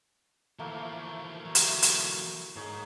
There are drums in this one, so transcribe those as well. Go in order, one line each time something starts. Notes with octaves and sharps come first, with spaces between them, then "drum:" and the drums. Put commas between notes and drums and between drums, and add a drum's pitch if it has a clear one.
E3 F3 A3 A#3 A#4
E3 F#3 C#6
drum: hi-hat
drum: hi-hat
G#2 D#4 G#4 C#5